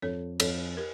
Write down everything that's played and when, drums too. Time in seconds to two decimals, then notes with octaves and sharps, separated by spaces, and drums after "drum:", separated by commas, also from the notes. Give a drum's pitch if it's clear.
0.02 F2 A4 C#5
0.40 F2 A4 C#5, drum: cymbal
0.77 G4 A#4